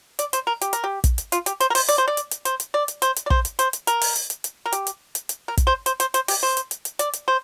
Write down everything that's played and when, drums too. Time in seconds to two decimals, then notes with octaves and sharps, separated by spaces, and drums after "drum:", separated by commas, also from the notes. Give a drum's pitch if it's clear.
0.19 D5, drum: hi-hat
0.33 C5, drum: hi-hat
0.47 A#4
0.61 G4, drum: hi-hat
0.73 A#4, drum: hi-hat
0.84 G4
1.04 drum: kick, hi-hat
1.18 drum: hi-hat
1.32 F4, drum: hi-hat
1.46 G4, drum: hi-hat
1.60 C5, drum: hi-hat
1.70 A#4
1.75 C5, drum: open hi-hat
1.89 D5, drum: hi-hat
1.98 C5
2.08 D5
2.17 drum: hi-hat
2.31 drum: hi-hat
2.45 C5, drum: hi-hat
2.60 drum: hi-hat
2.74 D5
2.88 drum: hi-hat
3.02 C5, drum: hi-hat
3.16 drum: hi-hat
3.26 D5
3.30 C5, drum: kick
3.45 drum: hi-hat
3.59 C5, drum: hi-hat
3.73 drum: hi-hat
3.87 A#4, drum: hi-hat
4.01 drum: open hi-hat
4.16 drum: hi-hat
4.30 drum: hi-hat
4.44 drum: hi-hat
4.66 A#4
4.72 G4, drum: hi-hat
4.87 drum: hi-hat
5.15 drum: hi-hat
5.29 drum: hi-hat
5.48 A#4
5.57 drum: kick, hi-hat
5.67 C5
5.86 C5, drum: hi-hat
6.00 C5, drum: hi-hat
6.14 C5, drum: hi-hat
6.28 G4, drum: open hi-hat
6.43 C5
6.57 drum: hi-hat
6.71 drum: hi-hat
6.85 drum: hi-hat
6.99 D5, drum: hi-hat
7.13 drum: hi-hat
7.28 C5